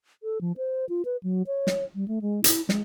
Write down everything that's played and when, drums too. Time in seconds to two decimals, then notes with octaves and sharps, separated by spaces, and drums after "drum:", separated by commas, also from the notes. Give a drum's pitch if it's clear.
0.23 A4
0.41 F3
0.57 C5
0.89 F4
1.05 B4
1.23 F#3
1.47 C#5
1.67 drum: snare
1.95 G3
2.08 A3
2.22 G#3
2.44 E4, drum: hi-hat
2.69 G#3, drum: snare